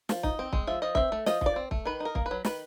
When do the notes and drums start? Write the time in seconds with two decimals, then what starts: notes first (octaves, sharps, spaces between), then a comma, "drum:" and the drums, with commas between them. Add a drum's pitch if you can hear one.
0.09 F3, drum: snare
0.23 D#4, drum: kick
0.39 C4
0.53 G#3, drum: kick
0.67 F3 E5
0.82 F3 D#5
0.95 C4 E5, drum: kick
1.12 A3
1.26 F3 D#5, drum: snare
1.41 F3 D5, drum: kick
1.56 C4
1.71 A3, drum: kick
1.85 D#3 B4
2.00 D#4
2.05 A#4
2.15 A#3, drum: kick
2.26 B4
2.31 F#3
2.45 D#3 B4, drum: snare